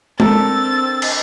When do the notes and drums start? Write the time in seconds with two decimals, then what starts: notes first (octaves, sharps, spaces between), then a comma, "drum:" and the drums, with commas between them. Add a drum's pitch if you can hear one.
0.20 C4 D4 A4 A#4 E6 A6, drum: tom G#3
1.02 drum: cymbal